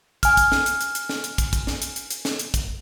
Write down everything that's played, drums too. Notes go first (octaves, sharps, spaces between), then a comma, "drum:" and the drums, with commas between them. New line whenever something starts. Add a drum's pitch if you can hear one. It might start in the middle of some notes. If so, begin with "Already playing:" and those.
G#5 F6, drum: kick, hi-hat
drum: kick, hi-hat
drum: snare
drum: hi-hat
drum: hi-hat
drum: hi-hat
drum: snare
drum: hi-hat
drum: kick, hi-hat
drum: kick, hi-hat
drum: snare
drum: hi-hat
drum: hi-hat
drum: hi-hat
drum: snare
drum: hi-hat
drum: kick, hi-hat